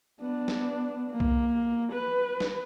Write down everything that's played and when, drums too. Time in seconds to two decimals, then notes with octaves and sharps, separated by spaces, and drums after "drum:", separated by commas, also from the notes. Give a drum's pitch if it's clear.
0.20 B3 D4
0.48 drum: snare
1.10 A#3
1.20 drum: kick C2
1.92 B4
2.40 drum: snare